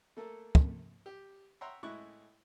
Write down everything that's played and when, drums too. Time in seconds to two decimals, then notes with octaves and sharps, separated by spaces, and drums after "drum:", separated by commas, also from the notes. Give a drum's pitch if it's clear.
0.17 A3 A#3 A4 A#4
0.55 drum: kick
1.06 G4
1.61 C#5 E5 F#5 G5 A#5 C6
1.83 A2 G#3 E4 C#6 F#6